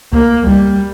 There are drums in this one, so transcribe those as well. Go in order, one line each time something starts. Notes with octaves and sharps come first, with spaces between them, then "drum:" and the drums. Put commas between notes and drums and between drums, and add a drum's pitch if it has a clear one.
A#3, drum: kick C#2
G3, drum: kick C#2